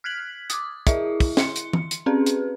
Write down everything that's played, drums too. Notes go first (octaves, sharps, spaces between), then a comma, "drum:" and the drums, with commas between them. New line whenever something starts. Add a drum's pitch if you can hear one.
F6 F#6 G#6 B6 F#7
D6 D#6, drum: hi-hat
E4 G#4 D#5 E5, drum: kick, hi-hat
drum: kick, open hi-hat
C6 C#7, drum: snare
drum: hi-hat
drum: tom E3
drum: hi-hat
C4 C#4 G#4 B4
drum: hi-hat